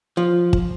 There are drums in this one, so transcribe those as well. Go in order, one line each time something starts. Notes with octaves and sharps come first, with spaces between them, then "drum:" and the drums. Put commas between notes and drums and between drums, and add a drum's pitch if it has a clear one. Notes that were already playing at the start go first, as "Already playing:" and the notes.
F3
drum: kick